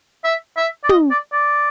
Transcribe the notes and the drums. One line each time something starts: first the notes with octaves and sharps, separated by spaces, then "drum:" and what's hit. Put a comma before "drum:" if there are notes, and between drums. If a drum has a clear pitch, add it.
E5
E5
D5
D#5, drum: tom
D5
D5